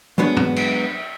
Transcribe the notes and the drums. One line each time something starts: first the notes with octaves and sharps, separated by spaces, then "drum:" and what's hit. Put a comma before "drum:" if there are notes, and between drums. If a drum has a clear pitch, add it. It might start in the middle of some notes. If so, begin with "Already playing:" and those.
F#3 G#3 B3 D4 G#4
drum: tom G2
drum: cymbal